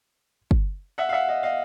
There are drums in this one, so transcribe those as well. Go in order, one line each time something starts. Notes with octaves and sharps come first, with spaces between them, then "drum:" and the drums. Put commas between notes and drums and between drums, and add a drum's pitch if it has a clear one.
drum: kick
E5 F#5
F5
E5 F#5
D#5 F5
D#5 F5